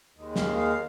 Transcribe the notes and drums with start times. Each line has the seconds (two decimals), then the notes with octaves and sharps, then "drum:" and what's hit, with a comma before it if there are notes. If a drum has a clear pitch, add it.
0.15 D#2 D#3 G#3
0.36 F5, drum: snare
0.56 F5